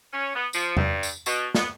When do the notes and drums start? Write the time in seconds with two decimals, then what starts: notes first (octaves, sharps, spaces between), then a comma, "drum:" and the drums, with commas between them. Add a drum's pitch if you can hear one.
0.12 C#4
0.34 B3
0.53 F3, drum: tambourine
0.77 G2, drum: tom E2
1.03 drum: tambourine
1.26 B2, drum: tambourine
1.55 B3, drum: snare